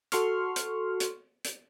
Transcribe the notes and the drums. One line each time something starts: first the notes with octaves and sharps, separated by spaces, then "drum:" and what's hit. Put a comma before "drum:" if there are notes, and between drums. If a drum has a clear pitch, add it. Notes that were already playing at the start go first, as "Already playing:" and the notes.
F#4 A4 C6 C#6 F6, drum: hi-hat
drum: hi-hat
drum: hi-hat
drum: hi-hat